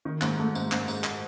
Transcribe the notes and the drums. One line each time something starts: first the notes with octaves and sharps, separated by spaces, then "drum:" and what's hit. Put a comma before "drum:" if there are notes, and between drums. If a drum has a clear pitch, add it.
D#3
G#2, drum: clap
A3
G#2, drum: tambourine
G#2, drum: clap
G#2, drum: tambourine
drum: clap